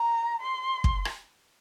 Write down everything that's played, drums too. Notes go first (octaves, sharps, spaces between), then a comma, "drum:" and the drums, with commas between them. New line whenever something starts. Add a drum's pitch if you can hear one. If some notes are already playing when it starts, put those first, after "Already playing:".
Already playing: A#5
C6
drum: kick
drum: rim click